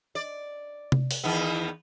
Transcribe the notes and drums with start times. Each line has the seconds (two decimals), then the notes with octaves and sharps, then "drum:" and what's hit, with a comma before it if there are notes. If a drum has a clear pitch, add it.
0.15 D5
0.92 drum: tom C3
1.11 drum: open hi-hat
1.24 E2 D#3 B3